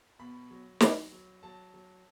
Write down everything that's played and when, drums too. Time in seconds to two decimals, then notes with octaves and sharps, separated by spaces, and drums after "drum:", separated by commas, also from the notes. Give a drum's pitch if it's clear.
0.19 B2 B5
0.51 F#3
0.80 F#3, drum: snare
1.12 F#3
1.43 F#3 A5
1.74 F#3